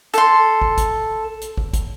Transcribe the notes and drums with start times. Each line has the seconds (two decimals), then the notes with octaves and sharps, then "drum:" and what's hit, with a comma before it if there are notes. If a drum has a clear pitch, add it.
0.14 A4 C6, drum: hi-hat
0.62 drum: kick
0.78 drum: kick, hi-hat
1.41 drum: hi-hat
1.57 drum: kick
1.73 drum: kick, hi-hat